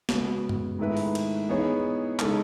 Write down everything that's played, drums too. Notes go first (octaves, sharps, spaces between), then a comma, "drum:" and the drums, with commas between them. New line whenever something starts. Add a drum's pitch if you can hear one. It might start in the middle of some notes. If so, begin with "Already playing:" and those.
C#3 G#3 B3 F#4, drum: snare
drum: tom F#2
G#2 D#3 A3 E4 B4
drum: open hi-hat
drum: cymbal
E3 B3 D#4 G#4 C#5
C#3 G#3 D#4 A4, drum: clap